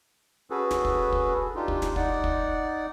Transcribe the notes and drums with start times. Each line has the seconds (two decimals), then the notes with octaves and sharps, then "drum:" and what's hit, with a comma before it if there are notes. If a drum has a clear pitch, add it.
0.50 C#4 F#4 G#4 A4 B4
0.71 drum: snare
0.85 drum: kick
1.12 drum: kick
1.55 D4 D#4 F4 G4
1.68 drum: kick
1.82 drum: snare
1.96 D#4 D5 F#5, drum: kick
2.24 drum: kick